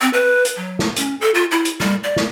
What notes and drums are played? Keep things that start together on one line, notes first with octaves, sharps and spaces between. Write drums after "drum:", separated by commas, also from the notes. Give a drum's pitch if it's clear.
C4
B4
drum: hi-hat
F#3
drum: snare
C#4, drum: hi-hat
A4
F4
E4
drum: hi-hat
G3, drum: snare
D5
drum: snare